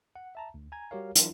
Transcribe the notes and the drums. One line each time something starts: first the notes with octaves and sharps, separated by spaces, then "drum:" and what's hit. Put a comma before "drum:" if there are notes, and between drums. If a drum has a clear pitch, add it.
F#5
E5 A5 A#5
D2
G#5 A#5 G#6
G3 F#4 G4 A#4 C#5 F5
E3 F#3 D4 E4 F4 A#4, drum: hi-hat